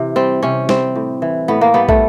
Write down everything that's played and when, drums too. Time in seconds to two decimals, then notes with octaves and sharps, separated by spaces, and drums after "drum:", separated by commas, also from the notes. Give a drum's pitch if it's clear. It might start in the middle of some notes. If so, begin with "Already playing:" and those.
Already playing: C3 E3
0.16 G3 C4
0.43 C3 C#4
0.69 G3 C4, drum: snare
0.95 A2
1.22 E3
1.48 A2 B3
1.61 A#3
1.74 G3 B3
1.89 A3, drum: kick